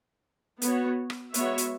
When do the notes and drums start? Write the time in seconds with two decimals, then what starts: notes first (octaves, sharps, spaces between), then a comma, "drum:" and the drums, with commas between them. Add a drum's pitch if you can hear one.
0.62 B3 F#4 C#5, drum: hi-hat
1.10 drum: rim click
1.34 G#3 B3 F#4 C#5 E5, drum: hi-hat
1.58 drum: hi-hat